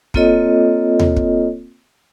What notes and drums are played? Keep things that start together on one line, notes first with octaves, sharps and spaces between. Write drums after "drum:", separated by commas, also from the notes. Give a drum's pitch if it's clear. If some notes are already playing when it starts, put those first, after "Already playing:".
A#3 C4 F4 A4 C#5 D#5, drum: kick
drum: tom D#2
drum: kick